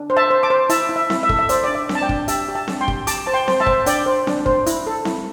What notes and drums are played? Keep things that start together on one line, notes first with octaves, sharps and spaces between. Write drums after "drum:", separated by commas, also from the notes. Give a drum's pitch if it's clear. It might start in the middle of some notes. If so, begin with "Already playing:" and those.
Already playing: D4
C5
E5 A5
C5
A5 D6
C5
E4 E5 A5, drum: hi-hat
E4
E5
E4, drum: snare C4
E5
A4, drum: kick
E5
C5 D5, drum: hi-hat
D4 D5
E5
D4, drum: snare C4
A5
D5 G5
D4, drum: kick
G4 E5 A5, drum: hi-hat
G4
E5 A5
D4, drum: snare C4
G5 C6
G4, drum: kick
G4 A5 D6, drum: hi-hat
C5 A5
G5 C6
C5, drum: snare C4
E5 A5
C5, drum: kick
D4 D5 G5, drum: hi-hat
C5
D4, drum: snare C4
C5, drum: kick
E4, drum: hi-hat
A4
E4, drum: snare C4